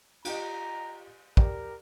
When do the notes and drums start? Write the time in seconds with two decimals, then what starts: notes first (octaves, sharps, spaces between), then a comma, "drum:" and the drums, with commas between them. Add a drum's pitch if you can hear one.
0.25 F4 G4 D#5 A#5, drum: cymbal
1.37 G4 A#4 D5, drum: kick